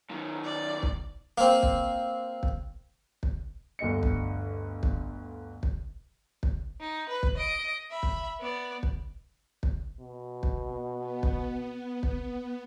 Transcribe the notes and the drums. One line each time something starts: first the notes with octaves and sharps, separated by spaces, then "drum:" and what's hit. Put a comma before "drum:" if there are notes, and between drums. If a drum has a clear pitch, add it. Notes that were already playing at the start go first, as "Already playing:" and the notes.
F#2 D#3
D5
drum: kick
A#3 C4
drum: kick
drum: kick
drum: kick
G1 D2 D#5 C#7
drum: kick
drum: kick
drum: kick
drum: kick
D#4
B4
drum: kick
D#5 D7
E5 B5
drum: kick
B3 D5
drum: kick
drum: kick
B2
drum: kick
B3
drum: kick
drum: kick